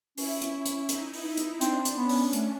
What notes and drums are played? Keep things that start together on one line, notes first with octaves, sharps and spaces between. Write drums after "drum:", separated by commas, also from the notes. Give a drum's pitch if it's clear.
C#4 E4, drum: open hi-hat
drum: hi-hat
drum: hi-hat
D#4, drum: hi-hat
drum: open hi-hat
drum: hi-hat
C4 D4, drum: hi-hat
drum: hi-hat
B3 C#4
drum: open hi-hat
A3, drum: hi-hat